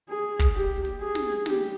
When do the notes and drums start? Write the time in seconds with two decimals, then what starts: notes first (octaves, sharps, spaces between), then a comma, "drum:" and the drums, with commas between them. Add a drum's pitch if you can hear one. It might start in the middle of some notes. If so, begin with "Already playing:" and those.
0.09 G#4
0.39 drum: kick
0.55 G4
0.85 drum: hi-hat
1.01 G#4
1.15 drum: snare
1.46 G4, drum: snare